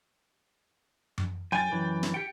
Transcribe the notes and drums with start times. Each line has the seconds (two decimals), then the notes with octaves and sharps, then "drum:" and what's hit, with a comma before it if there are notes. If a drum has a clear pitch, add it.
1.18 drum: tom F#2
1.52 F#2 G5 G#5 A6
1.72 F#2 E3
2.03 drum: snare
2.14 G4 G5 C#7